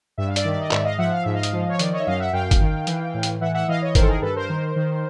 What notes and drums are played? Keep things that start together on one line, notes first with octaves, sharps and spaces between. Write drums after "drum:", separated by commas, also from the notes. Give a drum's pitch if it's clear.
G2 E5
F5
D5 E5, drum: hi-hat
D#3
D#5
G#2 D5 E5, drum: clap
D#5 F5
F3 E5 F#5
F5
G#2 E5
D#5 F5
drum: hi-hat
F3
C#5
D#3 D5, drum: hi-hat
C#5 D#5
E5
F#2 D#5 F5
E5 F#5
F#2 F5 G5
drum: kick G1, hi-hat
D#3
E3, drum: hi-hat
A2
drum: hi-hat
E3 E5 F#5
E5 F#5
E3 D#5 F5
C#5 D#5
D#3 A#4 C5, drum: kick G1, hi-hat
A4
G#4 A#4
G2 A4 B4
A#4 C5
D#3
D#3